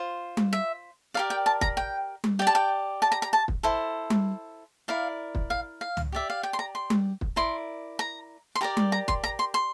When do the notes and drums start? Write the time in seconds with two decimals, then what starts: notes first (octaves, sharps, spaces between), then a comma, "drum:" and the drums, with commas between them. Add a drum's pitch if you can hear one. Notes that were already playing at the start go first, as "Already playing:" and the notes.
Already playing: F4 C5
0.37 drum: tom G3
0.53 E5
1.14 G4 A#4 D5 F5
1.30 G5
1.46 A5
1.61 A#5, drum: kick
1.77 G5
2.24 drum: tom G3
2.39 G4 D5 G5
2.47 A5
2.55 G5
3.02 A5
3.12 A#5
3.22 A#5
3.33 A5
3.48 drum: kick
3.63 E4 A4 C5
4.10 drum: tom G3
4.88 E4 A#4 D5 F5
5.35 drum: kick
5.50 F5
5.81 F5
5.97 drum: tom
6.12 G4 D5 E5
6.30 F5
6.43 G5
6.53 C6
6.59 A#5
6.75 C6
6.90 drum: tom G3
7.21 drum: kick
7.36 E4 A#4 D5 C6
7.99 A#5
8.55 C6
8.61 G4 A#4 D5 A#5
8.77 drum: tom G3
8.92 A#5
9.08 C6, drum: kick
9.24 A#5
9.39 C6
9.54 C6